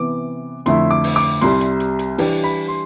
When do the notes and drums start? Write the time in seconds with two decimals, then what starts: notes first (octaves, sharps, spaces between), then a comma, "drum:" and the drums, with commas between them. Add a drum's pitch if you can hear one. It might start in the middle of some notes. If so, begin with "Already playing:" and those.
Already playing: C3 E3 B3 D6
0.66 F2 D3 A3 E4 C6, drum: hi-hat
0.91 D6
1.04 drum: open hi-hat
1.16 D6
1.41 C2 C3 G3 C6, drum: hi-hat
1.61 drum: hi-hat
1.80 drum: hi-hat
1.99 drum: hi-hat
2.18 E3 G3 D4 G4, drum: open hi-hat
2.44 B5
2.68 C6